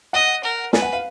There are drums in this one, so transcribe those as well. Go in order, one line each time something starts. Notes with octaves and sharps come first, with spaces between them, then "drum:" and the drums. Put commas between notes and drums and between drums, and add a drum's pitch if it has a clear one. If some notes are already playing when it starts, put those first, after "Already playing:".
D#5 F#5
A#4
B4 G#5, drum: snare
F#5
F5